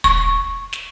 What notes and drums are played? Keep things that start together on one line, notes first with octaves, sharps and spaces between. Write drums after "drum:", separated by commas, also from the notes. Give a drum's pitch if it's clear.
C#6, drum: kick
drum: snare